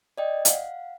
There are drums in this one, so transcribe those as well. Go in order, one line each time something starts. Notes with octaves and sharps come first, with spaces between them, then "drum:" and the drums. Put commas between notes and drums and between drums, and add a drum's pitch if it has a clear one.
D5 D#5 G5
F5 F#5, drum: hi-hat